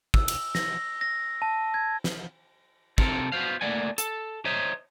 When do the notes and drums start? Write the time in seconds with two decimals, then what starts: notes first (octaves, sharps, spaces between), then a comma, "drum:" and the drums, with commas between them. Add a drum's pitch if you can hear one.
0.14 E6, drum: kick
0.28 drum: cymbal
0.55 A#6, drum: snare
1.01 A#6
1.42 A5
1.74 G#6
2.04 drum: snare
2.98 C3 C4 A4 A#4, drum: kick
3.32 B3 F#4 C5 F5
3.61 A3 A#3 D5 F#5 G#5
3.98 A4, drum: hi-hat
4.45 C5 C#5 D#5 E5 A#5